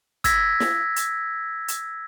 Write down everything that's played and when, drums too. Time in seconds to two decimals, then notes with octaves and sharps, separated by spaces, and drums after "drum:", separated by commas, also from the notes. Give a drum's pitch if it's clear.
0.24 E6 G#6 A#6 B6, drum: kick, hi-hat
0.60 drum: snare
0.96 drum: hi-hat
1.68 drum: hi-hat